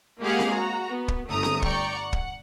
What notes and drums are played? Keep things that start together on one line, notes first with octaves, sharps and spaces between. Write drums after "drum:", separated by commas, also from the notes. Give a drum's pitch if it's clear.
G#3 A#3 G4 G#4 F5 F#5
drum: snare C4
F#4 A#5
B3
drum: kick
G1 A3 A#5 D#6
drum: snare C4
D5 G5 A#5 C#6, drum: kick
F#5
drum: kick